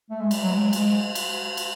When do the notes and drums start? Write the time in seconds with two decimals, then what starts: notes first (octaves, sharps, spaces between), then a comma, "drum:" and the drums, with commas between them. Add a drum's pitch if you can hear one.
0.10 A3
0.21 G#3
0.31 G3, drum: cymbal
0.43 F#3
0.52 G#3
0.73 G#3, drum: cymbal
1.15 drum: cymbal
1.57 drum: cymbal